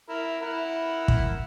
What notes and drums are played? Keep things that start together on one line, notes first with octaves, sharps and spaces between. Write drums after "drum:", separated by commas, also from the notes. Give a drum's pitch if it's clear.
E4 A#4
E4 A#4 F#5
drum: kick